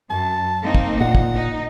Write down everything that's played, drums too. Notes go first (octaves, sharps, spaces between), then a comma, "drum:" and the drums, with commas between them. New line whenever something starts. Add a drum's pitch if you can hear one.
F#2 A5
A#3 C4 D#4
drum: kick
A#2 F#5
drum: kick
D#4